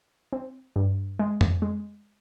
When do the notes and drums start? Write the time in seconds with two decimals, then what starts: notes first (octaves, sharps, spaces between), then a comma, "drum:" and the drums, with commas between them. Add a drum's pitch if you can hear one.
0.33 C4
0.76 G2
1.19 G#3
1.41 drum: tom F2
1.62 G#3